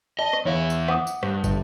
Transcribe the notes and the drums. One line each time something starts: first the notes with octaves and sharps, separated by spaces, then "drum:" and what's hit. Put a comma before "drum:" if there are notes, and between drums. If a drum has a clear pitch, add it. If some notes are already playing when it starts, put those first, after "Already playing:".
D5 D#5 A5
drum: rim click
E2 E4 C#5 F5
drum: tambourine
F#5 D6 D#6, drum: rim click
drum: tambourine
G2, drum: rim click
G1, drum: kick, tambourine